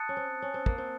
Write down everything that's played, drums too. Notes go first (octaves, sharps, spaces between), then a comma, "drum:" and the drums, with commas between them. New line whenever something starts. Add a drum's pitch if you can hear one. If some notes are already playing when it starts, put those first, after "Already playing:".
Already playing: A5 D#6 F#6 A6 C#7
C#4
C4
C#4
C4
A#3, drum: kick
C4